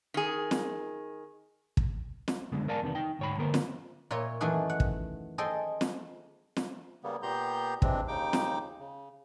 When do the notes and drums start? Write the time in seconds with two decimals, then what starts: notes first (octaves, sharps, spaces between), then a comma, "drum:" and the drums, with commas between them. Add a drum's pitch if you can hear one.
0.14 D#3 G#4
0.51 drum: snare
1.77 drum: kick
2.28 drum: snare
2.52 C#2 F#2 D3 G#3 B3
2.68 A#4 D5 F5 G#5 A5
2.82 E2 C3 D#3 B3
2.95 D#4 G5
3.19 D2 G#2 C#5 G5 B5
3.38 D3 A#3 B3 A#4 C5
3.54 drum: snare
4.11 A#2 F4 A#4 C#5 E5
4.41 F#2 D#3 E3 A3 G#4 F#5
4.70 F#5
4.80 drum: kick
5.38 G#4 A4 C5 D#5 G5
5.81 drum: snare
6.56 drum: snare
7.04 C#3 G3 A#3 B3
7.23 A#2 B3 G4 A#5 C6 G6
7.82 C3 E3 G#3 C4 D4, drum: kick
8.08 D#2 C#3 D#4 G5 D6
8.33 drum: snare
8.80 C#3